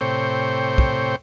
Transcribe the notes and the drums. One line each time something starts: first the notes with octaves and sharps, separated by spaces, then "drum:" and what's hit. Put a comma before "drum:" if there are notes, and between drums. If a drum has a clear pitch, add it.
A2 C3 C5 C#5 G5
drum: kick